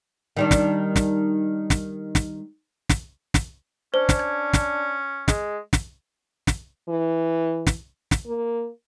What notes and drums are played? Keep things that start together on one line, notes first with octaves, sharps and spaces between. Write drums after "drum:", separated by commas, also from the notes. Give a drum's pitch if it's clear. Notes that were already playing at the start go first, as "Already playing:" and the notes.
D#3 G3 D4
drum: snare
drum: snare
drum: snare
drum: snare
drum: snare
drum: snare
C#4 D4 C5
drum: snare
G#6
drum: snare
G#3, drum: snare
drum: snare
drum: snare
E3
drum: snare
drum: snare
A#3